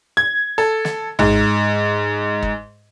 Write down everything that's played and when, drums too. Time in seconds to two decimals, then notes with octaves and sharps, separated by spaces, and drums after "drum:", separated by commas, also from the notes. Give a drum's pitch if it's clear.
0.17 G#6
0.58 A4
0.85 drum: snare
1.19 G#2, drum: tom
2.43 drum: kick